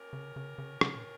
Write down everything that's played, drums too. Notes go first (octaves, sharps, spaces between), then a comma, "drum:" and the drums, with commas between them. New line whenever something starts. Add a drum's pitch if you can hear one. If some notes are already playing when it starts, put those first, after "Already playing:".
Already playing: B2 A#3 C#4 G4 A#4
C#3
C#3
C#3
C#3, drum: rim click
A#2